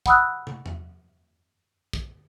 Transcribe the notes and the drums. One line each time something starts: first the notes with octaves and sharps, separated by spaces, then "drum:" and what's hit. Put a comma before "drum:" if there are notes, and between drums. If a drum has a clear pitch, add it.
F#5 B5 D#6 E6 F#6, drum: kick
drum: tom
drum: tom E2
drum: kick